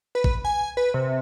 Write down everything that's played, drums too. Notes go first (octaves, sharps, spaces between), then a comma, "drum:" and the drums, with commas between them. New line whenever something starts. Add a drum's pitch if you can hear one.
B4
drum: kick
G#5
B4
C3